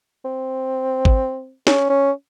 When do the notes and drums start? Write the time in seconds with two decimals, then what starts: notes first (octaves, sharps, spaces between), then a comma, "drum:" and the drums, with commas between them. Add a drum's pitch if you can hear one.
0.25 C4
1.05 drum: kick G#1
1.67 C#4, drum: snare
1.90 C#4